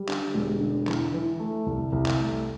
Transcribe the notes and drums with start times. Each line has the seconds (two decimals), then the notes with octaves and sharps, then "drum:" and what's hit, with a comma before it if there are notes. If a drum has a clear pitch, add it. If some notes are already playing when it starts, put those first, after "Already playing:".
Already playing: G3
0.08 D3, drum: clap
0.34 E1
0.60 D3
0.87 E3, drum: clap
1.13 E3
1.40 A3
1.66 C2
1.92 C2
2.06 drum: clap
2.19 A3